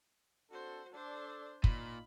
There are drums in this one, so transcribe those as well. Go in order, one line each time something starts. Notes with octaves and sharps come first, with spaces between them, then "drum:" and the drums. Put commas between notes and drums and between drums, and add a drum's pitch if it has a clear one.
C4 D4 F#4 A4 C5
D4 A4 C5 D5
A#2 D#4 F4 B5, drum: kick